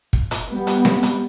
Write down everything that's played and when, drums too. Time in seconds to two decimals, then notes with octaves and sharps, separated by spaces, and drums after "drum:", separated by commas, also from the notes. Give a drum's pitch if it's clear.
0.13 drum: kick
0.31 drum: hi-hat
0.49 G3 B3
0.67 drum: hi-hat
0.85 drum: snare C4
1.03 drum: hi-hat